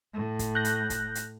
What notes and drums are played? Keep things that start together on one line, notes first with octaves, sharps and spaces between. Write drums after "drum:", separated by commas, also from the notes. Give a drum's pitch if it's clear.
A2
drum: kick, hi-hat
F#6 G6 A#6
drum: hi-hat
drum: kick, hi-hat
drum: hi-hat